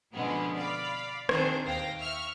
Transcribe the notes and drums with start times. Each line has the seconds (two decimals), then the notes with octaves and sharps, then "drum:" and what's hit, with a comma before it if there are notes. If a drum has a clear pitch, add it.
0.13 B2 D3 F3 G#3 B3 C#4
0.57 D5 F5 B5
1.29 D#3 C4 D4 G#4 C5, drum: rim click
1.65 D#2 F5 G5 A#6
2.00 E5 C#6 F6